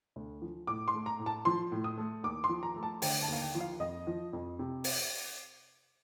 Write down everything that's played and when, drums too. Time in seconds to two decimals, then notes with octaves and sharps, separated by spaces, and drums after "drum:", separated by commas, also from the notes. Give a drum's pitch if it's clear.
0.16 D2
0.42 F3
0.67 A2 D6
0.88 C6
0.94 A3
1.06 A#5
1.19 A2
1.26 A5
1.45 F3 C6
1.72 A2
1.84 D#6
1.98 A3
2.23 D#2 D6
2.44 C6
2.49 F3
2.63 A#5
2.76 A3
2.83 A5
3.02 D3 G5, drum: open hi-hat
3.22 A5
3.28 D#2 F5
3.41 G5
3.55 F3
3.61 F5
3.80 F2 D#5
4.07 F3
4.33 F2
4.59 C3
4.84 drum: open hi-hat